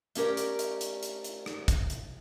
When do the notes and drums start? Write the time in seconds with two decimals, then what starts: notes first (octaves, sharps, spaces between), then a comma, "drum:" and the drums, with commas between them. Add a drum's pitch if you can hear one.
0.15 A3 C#4 G4 A#4 D5, drum: hi-hat
0.37 drum: hi-hat
0.59 drum: hi-hat
0.81 drum: hi-hat
1.03 drum: hi-hat
1.24 drum: hi-hat
1.46 drum: rim click
1.68 drum: kick, hi-hat
1.90 drum: hi-hat